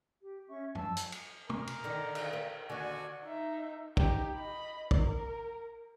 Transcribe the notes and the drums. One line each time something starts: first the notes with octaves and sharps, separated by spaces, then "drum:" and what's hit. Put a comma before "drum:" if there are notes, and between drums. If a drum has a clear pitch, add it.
G4
C#4 E5 C#6
A5 E6, drum: tom
drum: hi-hat
drum: cymbal
A#4, drum: tom
drum: cymbal
D3 D#3
drum: cymbal
A#4
D#2 D3 F#4 D5 G#5
D#4 E5
D#4 G4, drum: kick
D#5 B5
A#4, drum: kick